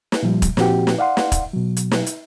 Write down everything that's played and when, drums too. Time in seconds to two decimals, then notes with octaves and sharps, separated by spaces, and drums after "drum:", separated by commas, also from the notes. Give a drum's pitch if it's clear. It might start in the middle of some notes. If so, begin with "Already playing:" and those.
0.12 drum: snare
0.23 A#2 F3 G3
0.42 drum: kick, hi-hat
0.57 A#2 F3 C4 F#4 G4, drum: snare
0.87 drum: snare
0.98 D5 F5 F#5 C6
1.17 drum: snare
1.32 drum: kick, hi-hat
1.53 B2 F#3
1.77 drum: hi-hat
1.91 drum: snare
2.06 drum: hi-hat